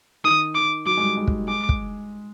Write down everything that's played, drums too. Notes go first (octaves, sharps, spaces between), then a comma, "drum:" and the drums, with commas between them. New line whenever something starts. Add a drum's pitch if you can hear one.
D#3 D#6
D6
F#3 D6
G#3
G3
G#3
drum: kick
G#3 D6
drum: kick